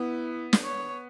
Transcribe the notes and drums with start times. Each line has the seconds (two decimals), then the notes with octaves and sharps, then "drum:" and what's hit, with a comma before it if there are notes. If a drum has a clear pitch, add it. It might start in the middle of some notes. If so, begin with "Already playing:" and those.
Already playing: B3 E4
0.53 drum: snare
0.65 C#5